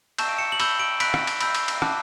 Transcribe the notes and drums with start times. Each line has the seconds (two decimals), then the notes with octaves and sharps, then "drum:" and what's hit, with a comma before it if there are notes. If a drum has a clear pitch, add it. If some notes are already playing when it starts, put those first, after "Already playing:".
0.18 A5 C#6 E6 G6 E7, drum: cymbal
0.29 D7
0.38 C#7 E7
0.52 F#7
0.60 B5 E6 G6 E7 G7, drum: cymbal
0.79 D7 F#7
1.00 B5 F#6 B6 D7, drum: cymbal
1.14 drum: rim click
1.27 drum: cymbal
1.40 B5 E6 G6, drum: cymbal
1.55 drum: cymbal
1.68 drum: cymbal
1.82 A5 D6 F#6, drum: rim click